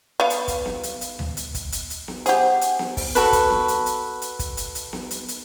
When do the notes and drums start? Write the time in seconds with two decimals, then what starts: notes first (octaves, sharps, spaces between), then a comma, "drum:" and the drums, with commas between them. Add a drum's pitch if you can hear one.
0.20 B3 F5
0.30 drum: hi-hat
0.48 drum: kick, hi-hat
0.66 drum: snare B3
0.83 drum: hi-hat
1.01 drum: hi-hat
1.19 drum: tom D2
1.37 drum: hi-hat
1.55 drum: kick, hi-hat
1.72 drum: hi-hat
1.90 drum: hi-hat
2.08 drum: snare B3
2.26 G4 G#4 C5 F#5, drum: hi-hat
2.61 drum: hi-hat
2.79 drum: snare B3
2.97 drum: kick, open hi-hat
3.15 F#4 A4 B4, drum: hi-hat
3.33 drum: kick, hi-hat
3.50 drum: snare B3
3.68 drum: hi-hat
3.86 drum: hi-hat
4.22 drum: hi-hat
4.39 drum: kick, hi-hat
4.57 drum: hi-hat
4.75 drum: hi-hat
4.93 drum: snare B3
5.11 drum: hi-hat
5.28 drum: hi-hat